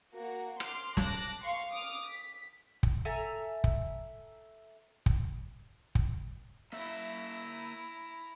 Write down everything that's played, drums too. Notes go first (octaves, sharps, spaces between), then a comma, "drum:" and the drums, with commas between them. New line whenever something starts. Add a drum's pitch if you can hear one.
A#3 F#4
C6 D6 F6 C7, drum: rim click
A5 D6 F#6 A#6, drum: snare
F5 C6 C#6 C7
D6 D#6 F6
B6
drum: kick
A4 E5 G#5 A#5
drum: kick
drum: kick
drum: kick
A#3 E4 E5 A#5